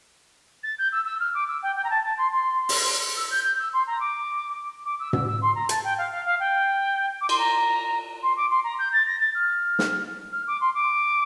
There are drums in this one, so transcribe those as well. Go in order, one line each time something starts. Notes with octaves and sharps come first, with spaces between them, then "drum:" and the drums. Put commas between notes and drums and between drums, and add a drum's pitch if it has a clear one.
A6
G6
E6
E6
F6
D6
E6
G5
G5
A#5
A5
A5
C6
C6
drum: open hi-hat
E6
G6
G6
E6
C6
A#5
D6
D6
E6
E6, drum: tom
E6
C6
A#5
A5, drum: hi-hat
G5
F5
F5
F5
G5
D6
C6, drum: cymbal
A#5
C6
D6
C6
A#5
G6
A6
A#6
A6
F6
drum: snare
F6
D6
C6
D6